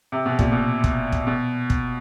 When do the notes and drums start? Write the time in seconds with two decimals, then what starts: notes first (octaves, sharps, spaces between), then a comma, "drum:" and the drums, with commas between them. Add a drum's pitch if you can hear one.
0.12 C3
0.26 B2
0.39 A#2, drum: kick
0.52 B2
0.84 drum: kick
1.12 drum: kick
1.27 B2
1.70 drum: kick